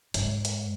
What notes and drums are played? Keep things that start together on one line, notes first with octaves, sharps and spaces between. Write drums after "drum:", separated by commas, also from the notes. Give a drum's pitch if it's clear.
G#2, drum: hi-hat
drum: hi-hat